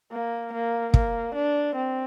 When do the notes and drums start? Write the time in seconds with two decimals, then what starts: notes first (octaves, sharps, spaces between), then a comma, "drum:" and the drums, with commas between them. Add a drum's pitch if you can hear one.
0.12 A#3
0.53 A#3
0.94 A#3, drum: kick
1.35 D4
1.76 C4